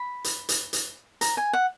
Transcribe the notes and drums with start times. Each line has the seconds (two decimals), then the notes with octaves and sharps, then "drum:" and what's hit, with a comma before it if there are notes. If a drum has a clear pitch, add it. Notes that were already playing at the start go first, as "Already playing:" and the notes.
Already playing: B5
0.24 drum: hi-hat
0.49 drum: hi-hat
0.73 drum: hi-hat
1.21 A#5, drum: hi-hat
1.37 G#5
1.53 F#5